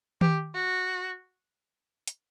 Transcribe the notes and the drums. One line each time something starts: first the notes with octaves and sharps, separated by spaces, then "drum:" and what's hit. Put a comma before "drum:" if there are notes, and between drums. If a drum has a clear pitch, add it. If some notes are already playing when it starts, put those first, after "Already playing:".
G4, drum: tom D#3
F#4
drum: hi-hat